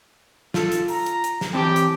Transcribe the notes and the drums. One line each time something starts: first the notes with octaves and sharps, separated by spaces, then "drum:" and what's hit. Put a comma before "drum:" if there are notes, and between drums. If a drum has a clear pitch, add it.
F4 A4, drum: snare
drum: hi-hat
A#5, drum: open hi-hat
drum: hi-hat
drum: hi-hat
drum: snare
E3 C4 G4 A5
drum: hi-hat